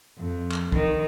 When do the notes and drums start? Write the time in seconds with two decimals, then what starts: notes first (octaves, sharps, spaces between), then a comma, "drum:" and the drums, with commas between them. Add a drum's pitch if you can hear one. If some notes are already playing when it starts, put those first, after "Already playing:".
0.19 F2
0.51 drum: clap
0.72 D#3, drum: kick